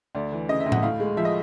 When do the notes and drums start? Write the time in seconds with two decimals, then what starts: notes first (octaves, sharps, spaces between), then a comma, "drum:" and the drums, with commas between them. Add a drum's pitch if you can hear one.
0.15 D2 D5
0.32 E3
0.49 C#3 D#5
0.60 E5
0.66 D2
0.72 F#5, drum: tom A2
0.83 A2 F5
1.00 G#3
1.17 F3 E5
1.25 D#5